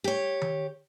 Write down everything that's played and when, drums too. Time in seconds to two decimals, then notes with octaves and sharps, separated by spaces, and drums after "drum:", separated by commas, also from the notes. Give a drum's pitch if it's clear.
0.04 G4 C#5
0.41 drum: tom D#3